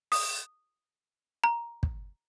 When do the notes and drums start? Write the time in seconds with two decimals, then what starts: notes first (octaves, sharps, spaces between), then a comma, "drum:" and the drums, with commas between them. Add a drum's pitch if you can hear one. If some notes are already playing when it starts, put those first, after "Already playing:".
0.12 D#6, drum: open hi-hat
1.44 A#5
1.83 drum: kick